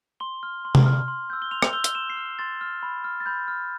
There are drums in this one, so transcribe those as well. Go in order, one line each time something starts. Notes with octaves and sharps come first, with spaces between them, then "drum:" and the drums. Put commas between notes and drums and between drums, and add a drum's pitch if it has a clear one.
C6 G7
F6
C6
drum: tom C3
F6
C6
E6 G6
G7
C6 F7
F7, drum: rim click
E6 G6 G7
G7, drum: hi-hat
C6 E7
C7
F6
C6 A6
F6
B5
F6
A6
B5 G6
F6